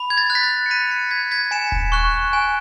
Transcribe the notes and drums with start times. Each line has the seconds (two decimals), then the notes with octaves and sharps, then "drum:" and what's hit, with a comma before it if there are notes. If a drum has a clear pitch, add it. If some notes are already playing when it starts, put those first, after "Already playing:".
Already playing: B5
0.10 G#6
0.17 A6
0.30 F#6
0.35 B6
0.43 A6
0.66 C#7
0.70 B5 B6 D#7
0.90 A6 C#7
1.11 F#6 G#6 B6
1.31 G#6 B6
1.51 G#5 C#7 E7
1.72 drum: kick D#1
1.92 C#6 F#6
2.33 G#5